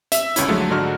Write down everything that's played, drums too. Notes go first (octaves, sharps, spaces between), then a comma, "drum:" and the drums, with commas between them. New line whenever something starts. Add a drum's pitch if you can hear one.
E5 E6, drum: hi-hat
G1 C#2 C#4 E4, drum: hi-hat
D3 F3 F#3 G#3 A3
G#2 D3 D4 D#4 F#4 F6